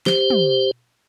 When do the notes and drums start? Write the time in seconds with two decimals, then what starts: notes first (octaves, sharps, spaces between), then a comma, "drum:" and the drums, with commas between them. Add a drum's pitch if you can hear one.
0.06 G4 C5, drum: snare
0.30 drum: tom